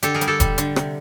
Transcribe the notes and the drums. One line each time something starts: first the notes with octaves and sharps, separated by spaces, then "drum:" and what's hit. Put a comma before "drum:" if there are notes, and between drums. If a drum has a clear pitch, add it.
D3 G4 A4, drum: hi-hat
G#4 A#4
G3, drum: hi-hat
G4 A4
G3, drum: kick E1, hi-hat
D3, drum: hi-hat
C3, drum: rim click